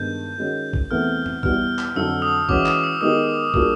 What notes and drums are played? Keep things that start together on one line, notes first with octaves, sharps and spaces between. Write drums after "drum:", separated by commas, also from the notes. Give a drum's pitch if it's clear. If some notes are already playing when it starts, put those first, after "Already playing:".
Already playing: G2 D#3 G#3 B3 G6
D#3 G#3 C#4 F#4
drum: kick
E2 C3 E3 A3 C4 F6
drum: tom E2
E2 B2 G3 B3 E4 F6, drum: kick
drum: clap
F2 D3 F#3 E6
D#6
E3 G#3 C#4 F#4 D6, drum: kick
D#6, drum: clap
E6
D#3 G#3 B3 D#4 G4 D#6
G3 A#3 D4 F4 G#4, drum: kick